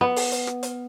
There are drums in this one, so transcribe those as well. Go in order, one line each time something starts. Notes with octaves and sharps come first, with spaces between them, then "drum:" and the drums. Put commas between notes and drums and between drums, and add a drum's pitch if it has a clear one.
B3
drum: open hi-hat
drum: hi-hat
drum: rim click
drum: hi-hat